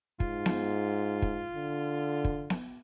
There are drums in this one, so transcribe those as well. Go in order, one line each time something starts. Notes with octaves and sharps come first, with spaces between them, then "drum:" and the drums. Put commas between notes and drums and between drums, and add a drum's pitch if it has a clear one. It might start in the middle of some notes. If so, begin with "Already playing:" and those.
G#2 F4, drum: kick
drum: snare B3
drum: kick
D3
drum: kick
drum: snare B3